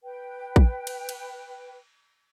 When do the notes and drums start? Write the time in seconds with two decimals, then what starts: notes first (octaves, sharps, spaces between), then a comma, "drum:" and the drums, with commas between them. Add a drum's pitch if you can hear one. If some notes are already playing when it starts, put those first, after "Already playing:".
0.03 B4 G5
0.56 drum: kick
0.87 drum: cymbal
1.09 drum: cymbal